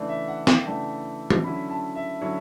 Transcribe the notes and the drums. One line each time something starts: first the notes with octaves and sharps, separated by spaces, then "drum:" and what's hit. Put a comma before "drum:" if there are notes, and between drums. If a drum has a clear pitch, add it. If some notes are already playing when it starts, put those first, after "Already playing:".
Already playing: C#3 E3 A3 D4 D5
E5
F#5
G5, drum: snare
C#3 E3 A3 D4 A5
drum: tom
D3 F#3 C#4 E4 B5
A5
E5
D3 F#3 C#4 E4 C#5